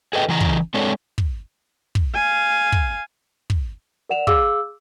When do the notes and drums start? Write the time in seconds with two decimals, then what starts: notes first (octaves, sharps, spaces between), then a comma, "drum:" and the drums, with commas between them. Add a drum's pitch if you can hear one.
0.13 G#4 A4 B4 D#5 G5
0.29 C#3 E3 A#5
0.41 drum: kick
0.74 G#3 C4 D4 A4 C#5
1.18 drum: kick
1.95 drum: kick
2.15 F5 G#5
2.72 drum: kick
3.50 drum: kick
4.09 A#4 D5 F#5 E7 F7
4.27 G#4 F5 D6 E6, drum: kick